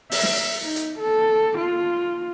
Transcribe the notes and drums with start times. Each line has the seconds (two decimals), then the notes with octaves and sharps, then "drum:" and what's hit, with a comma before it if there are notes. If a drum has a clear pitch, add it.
0.11 E5, drum: open hi-hat
0.23 drum: snare
0.61 D#4
0.76 drum: hi-hat
0.99 A4
1.59 F4